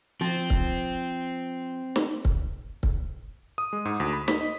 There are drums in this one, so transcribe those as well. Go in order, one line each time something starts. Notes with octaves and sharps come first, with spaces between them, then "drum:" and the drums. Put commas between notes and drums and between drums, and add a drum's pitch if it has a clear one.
F3 C4
drum: kick C#1
drum: snare
drum: kick C#1
drum: kick C#1
D#6
G#3
G#2
D2
B5
B6, drum: snare
D#5